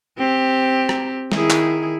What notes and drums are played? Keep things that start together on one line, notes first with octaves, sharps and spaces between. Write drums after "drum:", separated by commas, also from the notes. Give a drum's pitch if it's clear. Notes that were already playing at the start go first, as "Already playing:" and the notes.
C4 G4
drum: rim click
D#3 E4 G#4, drum: snare
drum: clap